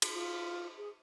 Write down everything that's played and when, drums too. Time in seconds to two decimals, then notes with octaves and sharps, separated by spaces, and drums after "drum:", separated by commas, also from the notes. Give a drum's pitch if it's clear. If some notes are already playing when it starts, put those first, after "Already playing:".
0.02 drum: cymbal
0.12 F4
0.78 G#4